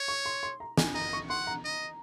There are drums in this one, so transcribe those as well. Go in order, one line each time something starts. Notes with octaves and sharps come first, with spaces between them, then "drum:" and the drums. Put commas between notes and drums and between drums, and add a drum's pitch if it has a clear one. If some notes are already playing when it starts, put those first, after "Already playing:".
Already playing: C#5
C#6
C6
C6
A#5
G#5, drum: snare
D#5 A#5
C#6
F#5 C6
A#5
D#5